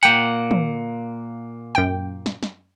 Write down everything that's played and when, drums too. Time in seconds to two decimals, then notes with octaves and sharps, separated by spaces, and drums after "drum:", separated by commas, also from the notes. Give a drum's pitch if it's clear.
0.03 A#2 A#3 F#5 G5, drum: hi-hat
0.51 drum: tom
1.75 F#2 G5
2.26 drum: snare
2.43 drum: snare